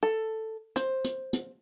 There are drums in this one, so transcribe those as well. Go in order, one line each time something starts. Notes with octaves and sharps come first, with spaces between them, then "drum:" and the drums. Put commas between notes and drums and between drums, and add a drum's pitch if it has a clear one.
A4
C5, drum: hi-hat
drum: hi-hat
drum: hi-hat